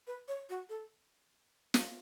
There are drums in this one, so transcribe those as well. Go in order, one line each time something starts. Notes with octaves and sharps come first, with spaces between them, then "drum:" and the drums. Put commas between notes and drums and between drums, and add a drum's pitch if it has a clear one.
B4
C#5
F#4
A4
drum: snare